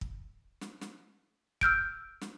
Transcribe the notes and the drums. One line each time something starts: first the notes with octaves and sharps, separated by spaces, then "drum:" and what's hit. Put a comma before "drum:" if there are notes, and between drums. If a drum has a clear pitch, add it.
drum: kick
drum: snare
drum: snare
E6 F6 G6 D7, drum: kick
drum: snare